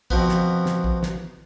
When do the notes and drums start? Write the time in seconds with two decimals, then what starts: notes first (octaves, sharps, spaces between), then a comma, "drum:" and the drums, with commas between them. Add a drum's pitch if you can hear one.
0.11 F2 B2 F3 B3, drum: kick
0.29 drum: snare
0.66 drum: snare
0.84 drum: kick
1.03 drum: snare